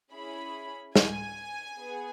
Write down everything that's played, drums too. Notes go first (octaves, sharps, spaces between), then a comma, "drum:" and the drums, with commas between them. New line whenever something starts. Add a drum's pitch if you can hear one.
C#4 E4 G#4 B5
G#5, drum: snare
B3 G#4